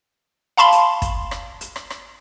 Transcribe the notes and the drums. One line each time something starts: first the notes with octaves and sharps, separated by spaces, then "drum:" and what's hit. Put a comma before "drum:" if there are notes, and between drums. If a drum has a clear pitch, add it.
F5 A5 B5 C6
drum: hi-hat
drum: kick, hi-hat
drum: rim click
drum: hi-hat
drum: rim click
drum: rim click